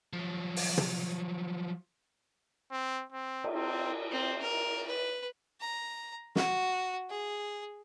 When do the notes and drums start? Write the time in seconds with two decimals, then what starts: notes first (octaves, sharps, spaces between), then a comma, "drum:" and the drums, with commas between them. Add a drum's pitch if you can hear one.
0.13 F3 F#3
0.56 drum: open hi-hat
0.78 drum: tom
2.71 C4
3.13 C4
3.44 drum: cymbal
3.55 C4
4.11 C4
4.42 A#4
4.87 B4
5.60 A#5
6.36 F#4, drum: snare
7.10 G#4